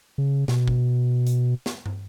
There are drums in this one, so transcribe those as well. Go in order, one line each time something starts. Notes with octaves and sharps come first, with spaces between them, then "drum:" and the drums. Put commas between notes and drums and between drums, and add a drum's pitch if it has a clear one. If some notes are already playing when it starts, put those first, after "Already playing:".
C#3
B2, drum: snare
drum: kick
drum: hi-hat
drum: snare
drum: tom